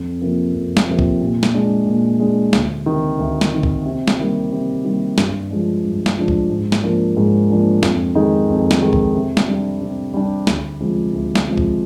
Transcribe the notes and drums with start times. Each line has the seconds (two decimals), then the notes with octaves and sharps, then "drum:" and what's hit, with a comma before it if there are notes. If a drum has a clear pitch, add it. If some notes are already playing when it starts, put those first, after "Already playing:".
Already playing: F2
0.21 C3 F3 A#3
0.54 F2
0.77 drum: snare
0.88 C3 F3 A#3
0.99 drum: kick
1.21 A#2
1.43 drum: snare
1.54 G#3 D4
1.86 A#2
2.20 G#3 D4
2.53 D2, drum: snare
2.86 C3 D#3
3.19 D2
3.41 drum: snare
3.52 C3 D#3
3.63 drum: kick
3.86 C3
4.08 drum: snare
4.19 D#3 G3 A#3
4.52 C3
4.85 D#3 G3 A#3
5.18 G2, drum: snare
5.51 F3 G#3 D4
5.84 G2
6.06 drum: snare
6.17 F3 G#3 D4
6.28 drum: kick
6.50 G#2
6.72 drum: snare
6.83 F3 A#3 D4
7.17 G#2
7.50 F3 A#3 D4
7.83 F2, drum: snare
8.15 D#3 G#3 D#4 G#4
8.49 F2
8.71 drum: snare
8.82 D#3 G#3 D#4 G#4
8.93 drum: kick
9.15 C3
9.37 drum: snare
9.48 G3 D4
9.81 C3
10.14 G3 D4
10.47 D2, drum: snare
10.80 C3 F3 G#3
11.14 D2
11.35 drum: snare
11.47 C3 F3 G#3
11.57 drum: kick